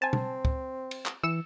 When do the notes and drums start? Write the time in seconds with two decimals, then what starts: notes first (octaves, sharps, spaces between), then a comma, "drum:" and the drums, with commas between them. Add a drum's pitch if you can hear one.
0.02 C4 G#5 A5
0.13 drum: tom
0.45 drum: kick C#2
0.91 drum: cymbal
1.06 drum: clap
1.24 E3 E6 C#7 E7